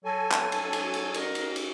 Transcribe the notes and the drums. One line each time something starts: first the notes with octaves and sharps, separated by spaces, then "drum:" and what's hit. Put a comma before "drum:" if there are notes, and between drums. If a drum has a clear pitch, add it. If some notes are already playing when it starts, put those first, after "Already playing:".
F#3 A4 G#5 A5
drum: clap
drum: cymbal
drum: cymbal
drum: cymbal
A#4, drum: cymbal
drum: cymbal
drum: cymbal